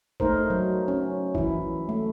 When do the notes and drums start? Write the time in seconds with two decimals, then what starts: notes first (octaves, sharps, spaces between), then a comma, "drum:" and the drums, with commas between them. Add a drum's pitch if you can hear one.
0.20 A3 D#4 A#4 C5, drum: kick
0.50 F#3
0.88 C#4
1.35 E3 E4, drum: kick
1.89 A3